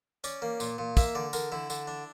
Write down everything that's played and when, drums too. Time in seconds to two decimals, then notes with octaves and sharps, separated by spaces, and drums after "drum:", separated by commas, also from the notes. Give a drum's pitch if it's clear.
0.24 C#4 D5, drum: tambourine
0.42 A#3
0.60 A#2, drum: tambourine
0.78 A#2
0.97 A#3 E5, drum: kick, tambourine
1.15 D3 D5
1.33 D3 A#4, drum: tambourine
1.52 D3 E4
1.70 D3, drum: tambourine
1.87 D4